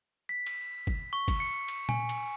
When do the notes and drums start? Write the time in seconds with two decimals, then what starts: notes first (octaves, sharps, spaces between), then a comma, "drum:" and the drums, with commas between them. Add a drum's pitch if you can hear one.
0.29 B6
0.47 drum: cymbal
0.87 drum: kick
1.13 C#6
1.28 drum: kick, cymbal
1.40 C#7
1.68 drum: cymbal
1.89 G#5, drum: tom A#2
2.09 drum: cymbal